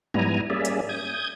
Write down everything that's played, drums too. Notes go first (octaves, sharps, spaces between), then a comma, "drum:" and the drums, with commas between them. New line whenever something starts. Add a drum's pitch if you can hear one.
G#2 G3 B3 E4 G#5 A#5, drum: tom
G3 A#3 C#4 G#4 D5 E5
drum: hi-hat
D#6 G6 G#6